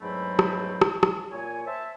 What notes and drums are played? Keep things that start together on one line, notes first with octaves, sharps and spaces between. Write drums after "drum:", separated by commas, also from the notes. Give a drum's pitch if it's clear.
E2 G#2 F#3 A3 C4 B5
drum: rim click
drum: rim click
drum: rim click
A#2 C#5 G#5
C5 E5 A5